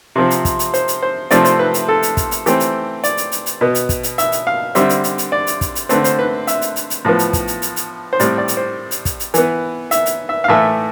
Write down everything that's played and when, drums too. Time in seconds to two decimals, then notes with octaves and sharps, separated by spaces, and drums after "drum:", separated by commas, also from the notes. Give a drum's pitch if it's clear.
0.16 C3 F3 C4
0.30 drum: hi-hat
0.45 drum: kick, hi-hat
0.59 drum: hi-hat
0.74 C5, drum: hi-hat
0.88 drum: hi-hat
1.02 C5
1.31 C3 F3 A3 C4 D5, drum: hi-hat
1.45 C5, drum: hi-hat
1.59 B4
1.74 drum: hi-hat
1.88 A4
2.03 drum: hi-hat
2.17 drum: kick, hi-hat
2.31 drum: hi-hat
2.46 E3 A3 C4 G4, drum: hi-hat
2.60 drum: hi-hat
3.04 D5, drum: hi-hat
3.17 drum: hi-hat
3.32 drum: hi-hat
3.46 drum: hi-hat
3.61 B2 B3
3.75 drum: hi-hat
3.89 drum: kick, hi-hat
4.03 drum: hi-hat
4.18 E5, drum: hi-hat
4.32 drum: hi-hat
4.47 F5
4.75 D3 G3 C4 E5, drum: hi-hat
4.89 drum: hi-hat
5.04 drum: hi-hat
5.18 drum: hi-hat
5.32 D5
5.47 drum: hi-hat
5.61 drum: kick, hi-hat
5.75 drum: hi-hat
5.89 D3 A3 C4 B4, drum: hi-hat
6.04 C5, drum: hi-hat
6.19 B4
6.47 E5, drum: hi-hat
6.62 drum: hi-hat
6.76 drum: hi-hat
6.90 drum: hi-hat
7.05 A2 F3 B3
7.19 drum: hi-hat
7.33 drum: kick, hi-hat
7.48 drum: hi-hat
7.62 drum: hi-hat
7.76 drum: hi-hat
8.13 C5
8.20 A2 G3 C4 D5, drum: hi-hat
8.38 D5
8.48 drum: hi-hat
8.57 C5
8.91 drum: hi-hat
9.05 drum: kick, hi-hat
9.20 drum: hi-hat
9.34 E3 B3, drum: hi-hat
9.91 E5, drum: hi-hat
10.06 drum: hi-hat
10.29 E5
10.44 F5
10.48 A2 E3 A3 E5